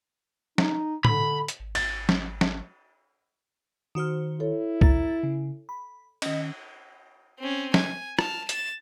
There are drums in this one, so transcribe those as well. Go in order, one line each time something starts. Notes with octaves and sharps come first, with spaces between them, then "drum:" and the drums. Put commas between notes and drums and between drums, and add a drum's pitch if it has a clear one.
D#4, drum: snare
D3 B5, drum: tom
drum: hi-hat
G#1
A6, drum: cymbal
drum: snare
drum: snare
D#3 F#4 C5 D#6 F6
E4 A4 C#5
A#5 A6, drum: kick C2
C#3
B5
D#3 C#4 D#5, drum: cymbal
C4 C#4
G#5, drum: snare
A5 F6, drum: rim click
A6 E7, drum: hi-hat